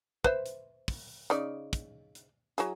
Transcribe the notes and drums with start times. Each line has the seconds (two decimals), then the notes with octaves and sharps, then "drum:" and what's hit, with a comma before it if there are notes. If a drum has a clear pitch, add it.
0.24 B4 C5 E5, drum: kick
0.46 drum: hi-hat
0.88 drum: kick, open hi-hat
1.30 C#3 D#4 D5, drum: hi-hat
1.73 drum: kick, hi-hat
2.15 drum: hi-hat
2.58 F#3 E4 G#4, drum: hi-hat